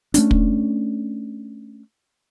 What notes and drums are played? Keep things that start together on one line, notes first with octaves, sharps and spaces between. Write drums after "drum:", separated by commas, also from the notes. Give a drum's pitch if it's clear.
A3 C#4 D4, drum: hi-hat
drum: kick